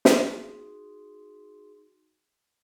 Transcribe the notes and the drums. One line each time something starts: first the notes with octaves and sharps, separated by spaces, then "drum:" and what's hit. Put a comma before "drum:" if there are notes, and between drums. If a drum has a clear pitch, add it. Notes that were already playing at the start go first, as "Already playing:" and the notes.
D#4 F#4 G#4 C6, drum: snare